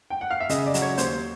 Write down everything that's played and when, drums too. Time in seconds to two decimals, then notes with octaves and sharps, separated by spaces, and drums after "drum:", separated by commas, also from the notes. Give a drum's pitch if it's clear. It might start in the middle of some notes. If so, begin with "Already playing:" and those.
0.10 G5
0.21 F#5
0.30 F5
0.40 E5
0.49 C#3 D#5, drum: hi-hat
0.66 D5
0.74 F#3, drum: hi-hat
0.82 C#5
0.98 D#2 C5, drum: hi-hat